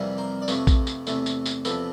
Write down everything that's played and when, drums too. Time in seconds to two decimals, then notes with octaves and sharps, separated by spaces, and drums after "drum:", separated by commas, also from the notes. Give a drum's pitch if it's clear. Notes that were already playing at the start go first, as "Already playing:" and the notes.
Already playing: F2 C3 E3 G3 A#3
0.18 A#4 C5
0.42 D5
0.48 F2 C3 F3 A3 B4 C#5, drum: tambourine
0.67 drum: kick, tambourine
0.87 drum: tambourine
1.07 E2 C3 E3 A3, drum: tambourine
1.26 drum: tambourine
1.46 drum: tambourine
1.65 E2 C3 F3 A4 B4, drum: tambourine